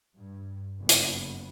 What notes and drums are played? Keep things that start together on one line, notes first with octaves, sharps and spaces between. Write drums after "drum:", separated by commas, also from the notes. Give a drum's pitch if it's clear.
G2
F#1 B3
drum: hi-hat